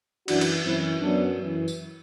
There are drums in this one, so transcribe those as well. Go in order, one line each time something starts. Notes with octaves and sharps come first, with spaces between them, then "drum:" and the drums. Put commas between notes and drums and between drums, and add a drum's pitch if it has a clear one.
F#2 E3 D4 F#4, drum: cymbal
drum: cymbal
F#2 E3 C4 E4
F#2 F#3 B3 D4
F#2 E3
drum: tambourine